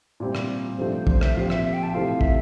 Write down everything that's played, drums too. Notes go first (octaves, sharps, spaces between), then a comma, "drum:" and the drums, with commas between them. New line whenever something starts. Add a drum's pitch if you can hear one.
A#2 G3 C4 E4
drum: rim click
C3 F3 A3 D4 C5
C5, drum: kick
E5, drum: rim click
A#2 F3 C4 G4 F5
F5
E5, drum: rim click
E5
G5
A5
C3 E3 A3 C4 F4 F5
E5, drum: kick